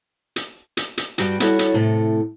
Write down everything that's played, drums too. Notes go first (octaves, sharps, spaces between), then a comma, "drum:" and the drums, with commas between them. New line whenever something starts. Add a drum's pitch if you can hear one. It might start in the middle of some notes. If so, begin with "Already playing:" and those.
drum: hi-hat
drum: hi-hat
drum: hi-hat
G2 G3 F#4 G5, drum: hi-hat
G3 E4 F#4 A4 C#5, drum: hi-hat
drum: hi-hat
A2 C3 A3